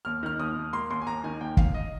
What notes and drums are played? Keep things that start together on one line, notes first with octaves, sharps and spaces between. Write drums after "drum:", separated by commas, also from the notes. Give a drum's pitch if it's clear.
D#2 F6
D#3 F6
D#2 D#6
D#2
A#3 C6
D#2 C6
G#5
D#2 A#5
D#3 G#5
D#2 G5
D#2 F5, drum: kick
D#5